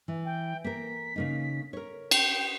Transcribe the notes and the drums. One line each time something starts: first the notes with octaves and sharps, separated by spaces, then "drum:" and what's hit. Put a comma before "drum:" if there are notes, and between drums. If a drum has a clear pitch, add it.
E3
G5
A#3 A#4 B6
C#3 A#3 D#4
A#4 C#5
G5, drum: cymbal